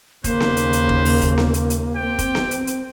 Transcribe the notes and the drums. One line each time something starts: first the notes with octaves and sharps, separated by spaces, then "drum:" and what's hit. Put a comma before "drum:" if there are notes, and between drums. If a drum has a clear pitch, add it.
D#2 C#3 A#3 B4 C5, drum: kick, hi-hat
drum: snare B3
drum: hi-hat
drum: hi-hat
drum: kick
drum: open hi-hat
drum: kick, hi-hat
drum: snare B3
drum: hi-hat
drum: hi-hat
C4 G4 G5
drum: kick, hi-hat
drum: snare B3
drum: hi-hat
drum: hi-hat